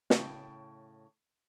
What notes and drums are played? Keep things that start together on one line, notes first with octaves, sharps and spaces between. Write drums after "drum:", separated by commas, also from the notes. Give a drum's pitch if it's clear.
A2 C#3 G5 A5, drum: snare